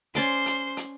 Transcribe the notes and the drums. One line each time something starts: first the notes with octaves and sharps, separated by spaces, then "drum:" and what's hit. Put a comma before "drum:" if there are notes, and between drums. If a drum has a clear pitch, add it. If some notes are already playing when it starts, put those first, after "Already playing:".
C#4 C5 D5 C6 D6, drum: hi-hat
drum: hi-hat
drum: hi-hat